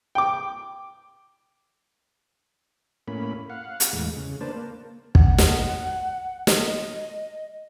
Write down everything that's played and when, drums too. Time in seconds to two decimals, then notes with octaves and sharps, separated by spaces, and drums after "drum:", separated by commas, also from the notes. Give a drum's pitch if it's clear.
0.15 G5 D6
3.08 A2 A#3 C#4 B5
3.50 F5 F#5
3.80 drum: hi-hat
3.93 E2 A2 G#3
4.16 C#3
4.41 A#3 D4 B4 C5 A5
4.56 A#3
5.15 F#5, drum: kick
5.38 drum: snare
6.47 D#5, drum: snare